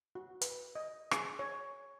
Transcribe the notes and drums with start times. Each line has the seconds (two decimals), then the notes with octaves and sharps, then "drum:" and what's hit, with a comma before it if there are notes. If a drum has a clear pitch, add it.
0.15 F#4
0.41 B4, drum: hi-hat
0.75 D#5
1.11 G#4, drum: rim click
1.39 C#5